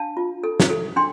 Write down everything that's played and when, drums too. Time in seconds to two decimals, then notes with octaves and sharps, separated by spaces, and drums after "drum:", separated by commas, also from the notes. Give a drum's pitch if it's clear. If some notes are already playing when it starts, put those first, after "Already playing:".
Already playing: D4 F5 A5
0.17 F4
0.44 A4
0.60 drum: snare
0.70 A4
0.96 D4 G5 C6